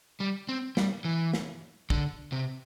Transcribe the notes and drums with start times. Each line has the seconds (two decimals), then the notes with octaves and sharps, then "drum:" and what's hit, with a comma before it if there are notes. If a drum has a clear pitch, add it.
0.20 G3
0.49 C4
0.77 G3, drum: snare
1.05 E3
1.33 drum: snare
1.90 D3, drum: kick
2.32 C3